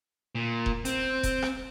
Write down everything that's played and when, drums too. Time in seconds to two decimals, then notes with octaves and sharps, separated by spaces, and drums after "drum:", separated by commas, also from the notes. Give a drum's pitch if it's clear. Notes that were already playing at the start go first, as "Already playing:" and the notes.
0.35 A#2
0.66 drum: kick E1
0.85 C4, drum: hi-hat
1.23 drum: kick E1, hi-hat
1.42 drum: rim click